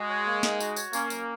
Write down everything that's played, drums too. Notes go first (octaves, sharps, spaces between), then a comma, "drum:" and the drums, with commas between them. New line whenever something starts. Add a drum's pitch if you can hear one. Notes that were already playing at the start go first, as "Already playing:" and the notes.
Already playing: G#3 F#4
C#5
A#3
D#4, drum: snare
F#4, drum: tambourine
C#5, drum: tambourine
A#3 C#4, drum: tambourine
F#3, drum: tambourine